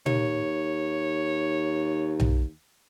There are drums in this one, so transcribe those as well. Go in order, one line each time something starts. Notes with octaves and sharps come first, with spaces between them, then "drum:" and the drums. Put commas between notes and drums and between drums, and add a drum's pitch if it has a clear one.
D#2 C#5, drum: tom A#2
drum: tom B1